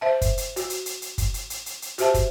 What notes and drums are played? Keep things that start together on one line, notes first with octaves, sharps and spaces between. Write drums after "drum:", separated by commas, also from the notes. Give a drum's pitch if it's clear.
C5 E5 A5
drum: kick, hi-hat
drum: hi-hat
F#4, drum: hi-hat
drum: hi-hat
drum: hi-hat
drum: hi-hat
drum: kick, hi-hat
drum: hi-hat
drum: hi-hat
drum: hi-hat
drum: hi-hat
F#4 G4 C5 E5 A5, drum: hi-hat
drum: kick, hi-hat